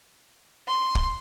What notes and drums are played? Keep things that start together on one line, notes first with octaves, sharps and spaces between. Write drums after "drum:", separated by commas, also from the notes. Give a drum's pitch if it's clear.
C6
drum: kick